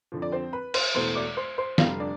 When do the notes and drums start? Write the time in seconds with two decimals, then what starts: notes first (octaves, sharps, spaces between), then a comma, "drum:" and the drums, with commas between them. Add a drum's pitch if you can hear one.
0.12 F2 D3 F3
0.22 D5
0.32 C4 C5
0.53 B4 B5
0.74 C5 C6, drum: cymbal
0.95 E1 E2 B2 A3 C5 C6
1.15 D5 D6
1.37 C5 C6
1.58 C5 C6
1.78 F1 F2 D3 G3 F4 F5, drum: snare
2.00 D4 D5